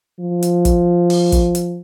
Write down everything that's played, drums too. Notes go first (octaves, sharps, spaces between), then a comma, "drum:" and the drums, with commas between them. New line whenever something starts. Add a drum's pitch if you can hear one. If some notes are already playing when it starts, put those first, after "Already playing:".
F3
drum: hi-hat
drum: kick, hi-hat
drum: open hi-hat
drum: kick, hi-hat
drum: hi-hat